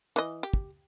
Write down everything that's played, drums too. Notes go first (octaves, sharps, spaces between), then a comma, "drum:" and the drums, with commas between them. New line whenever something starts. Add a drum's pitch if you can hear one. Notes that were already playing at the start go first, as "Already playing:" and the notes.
E3 D#5
G4
drum: kick